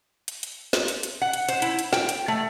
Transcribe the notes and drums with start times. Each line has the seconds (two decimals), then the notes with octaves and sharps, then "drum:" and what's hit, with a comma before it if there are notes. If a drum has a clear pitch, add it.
0.28 drum: hi-hat
0.43 drum: hi-hat
0.73 drum: snare
0.88 drum: hi-hat
1.03 drum: hi-hat
1.22 F#5
1.33 drum: hi-hat
1.49 C5, drum: hi-hat
1.62 E4, drum: hi-hat
1.79 drum: hi-hat
1.93 G5, drum: snare
2.09 drum: hi-hat
2.28 A3